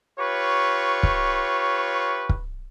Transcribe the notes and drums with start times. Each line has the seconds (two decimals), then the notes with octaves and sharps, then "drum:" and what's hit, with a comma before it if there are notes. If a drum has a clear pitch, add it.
0.19 F4 G4 B4 C#5 C#6
1.03 drum: kick
2.29 drum: kick